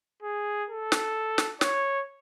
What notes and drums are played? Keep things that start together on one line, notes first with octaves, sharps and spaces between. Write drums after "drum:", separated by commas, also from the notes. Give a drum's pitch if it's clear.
G#4
A4
drum: snare
drum: snare
C#5, drum: snare